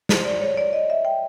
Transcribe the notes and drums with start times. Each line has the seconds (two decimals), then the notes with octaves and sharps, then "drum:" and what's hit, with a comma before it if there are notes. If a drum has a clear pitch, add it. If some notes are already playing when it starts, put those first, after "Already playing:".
0.09 C5, drum: snare
0.25 D5
0.41 C#5
0.57 D5
0.73 D#5
0.90 E5
1.05 G5